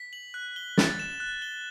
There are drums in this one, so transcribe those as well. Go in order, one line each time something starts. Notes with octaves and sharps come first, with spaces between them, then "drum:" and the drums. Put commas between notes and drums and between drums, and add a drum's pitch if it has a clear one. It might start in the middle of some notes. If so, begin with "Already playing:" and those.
Already playing: B6
F#7
F#6
G7
A6, drum: snare
E7
F#6
G7